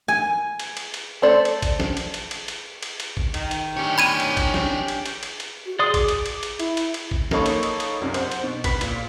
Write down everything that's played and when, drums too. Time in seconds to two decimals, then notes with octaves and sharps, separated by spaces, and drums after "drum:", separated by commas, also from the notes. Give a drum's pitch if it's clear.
0.08 G#5
0.59 drum: cymbal
0.77 drum: cymbal
0.94 drum: cymbal
1.22 A3 A4 C5 D5
1.45 drum: cymbal
1.62 drum: kick, cymbal
1.80 drum: snare
1.97 drum: cymbal
2.14 drum: cymbal
2.31 drum: cymbal
2.48 drum: cymbal
2.83 drum: cymbal
3.00 drum: cymbal
3.17 drum: kick
3.34 D#3, drum: cymbal
3.51 drum: cymbal
3.77 C#4 D4 G4 C#5 G5
3.98 B5 G#6 D#7
4.20 drum: cymbal
4.37 drum: kick, cymbal
4.54 drum: snare
4.88 drum: cymbal
5.06 drum: cymbal
5.23 drum: cymbal
5.40 drum: cymbal
5.66 F#4
5.79 G#4 D5 C6 D#6
5.94 D6, drum: kick, cymbal
6.08 drum: cymbal
6.26 drum: cymbal
6.43 drum: cymbal
6.59 E4, drum: cymbal
6.77 drum: cymbal
6.94 drum: cymbal
7.11 drum: kick
7.31 A#3 D#4 A4 C#5 B5 C#6, drum: snare
7.46 drum: cymbal
7.63 drum: cymbal
7.80 drum: cymbal
8.01 C2 F#2
8.14 C5 F#5, drum: cymbal
8.31 drum: cymbal
8.43 B2
8.64 B4 B5 B6, drum: kick, cymbal
8.81 A#2, drum: cymbal